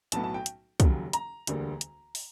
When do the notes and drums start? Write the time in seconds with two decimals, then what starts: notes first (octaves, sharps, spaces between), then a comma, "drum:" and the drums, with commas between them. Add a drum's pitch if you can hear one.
0.12 B1 A2 F#3 B3 A5, drum: hi-hat
0.24 A5
0.34 G5
0.46 drum: hi-hat
0.80 F1 D#2 C#3 F#3, drum: kick, hi-hat
1.13 A#5, drum: hi-hat
1.47 E1 D2 D3 G3 A#3, drum: hi-hat
1.81 drum: hi-hat
2.15 drum: open hi-hat